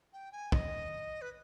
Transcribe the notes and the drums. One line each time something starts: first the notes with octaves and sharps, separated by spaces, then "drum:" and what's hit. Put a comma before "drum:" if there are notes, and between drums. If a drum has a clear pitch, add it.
G5
G#5
D#5, drum: kick
B4